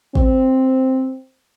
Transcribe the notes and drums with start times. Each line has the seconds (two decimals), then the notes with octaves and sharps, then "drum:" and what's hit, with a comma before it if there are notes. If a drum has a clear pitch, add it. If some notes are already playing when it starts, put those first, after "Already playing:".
0.15 C4, drum: kick